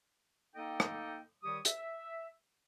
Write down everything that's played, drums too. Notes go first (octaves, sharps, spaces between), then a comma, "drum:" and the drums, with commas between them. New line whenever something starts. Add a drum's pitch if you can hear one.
A#3 D#4 A4 D#5 G5
drum: rim click
D#3 G3 G4 C#5 D#6
E5, drum: hi-hat